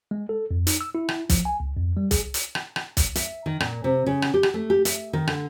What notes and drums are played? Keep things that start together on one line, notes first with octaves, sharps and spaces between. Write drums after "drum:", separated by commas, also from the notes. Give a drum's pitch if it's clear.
G#3
A4
F2
D#4, drum: hi-hat
E6
E4
drum: rim click
F3, drum: kick, hi-hat
G#5
C#2
F2
G3
G#4, drum: kick, hi-hat
drum: hi-hat
drum: rim click
drum: rim click
drum: kick, hi-hat
E5, drum: hi-hat
D#3
A#2, drum: rim click
C3
C#3
drum: rim click
G4
drum: rim click
A3
G4
E5, drum: hi-hat
D#3
D3, drum: rim click